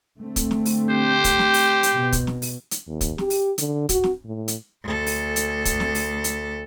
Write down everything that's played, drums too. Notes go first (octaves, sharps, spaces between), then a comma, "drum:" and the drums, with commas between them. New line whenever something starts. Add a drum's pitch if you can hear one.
D3 A3 C4
drum: kick, hi-hat
drum: snare
drum: open hi-hat
G4 C5
drum: kick, hi-hat
drum: snare
drum: open hi-hat
drum: hi-hat
B2
drum: kick, hi-hat
drum: snare
drum: open hi-hat
drum: hi-hat
D#2
drum: kick, hi-hat
G4, drum: snare
drum: open hi-hat
D3, drum: hi-hat
F#4, drum: kick, hi-hat
drum: snare
A2
drum: hi-hat
D2 A4
drum: open hi-hat
drum: hi-hat
drum: kick, hi-hat
drum: snare
drum: open hi-hat
drum: hi-hat